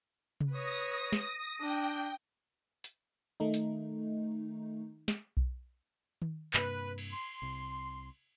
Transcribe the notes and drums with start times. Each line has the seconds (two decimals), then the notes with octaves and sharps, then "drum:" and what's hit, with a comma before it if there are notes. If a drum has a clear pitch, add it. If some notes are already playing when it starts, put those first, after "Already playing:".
0.40 drum: tom C3
0.51 B4 C#5 D#6 A#6
1.12 drum: snare
1.61 D4 G5
2.84 drum: hi-hat
3.40 D#3 A3 D#4
3.54 drum: hi-hat
5.08 drum: snare
5.37 drum: kick B1
6.22 drum: tom D#3
6.54 G2 C3 A#3 B4, drum: clap
6.98 drum: cymbal
7.11 C6
7.42 C2 C3